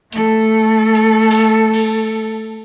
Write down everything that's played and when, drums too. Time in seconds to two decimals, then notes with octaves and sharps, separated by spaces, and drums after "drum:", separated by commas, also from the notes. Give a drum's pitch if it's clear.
0.12 A3 A4, drum: hi-hat
0.95 drum: hi-hat
1.31 drum: open hi-hat
1.74 drum: cymbal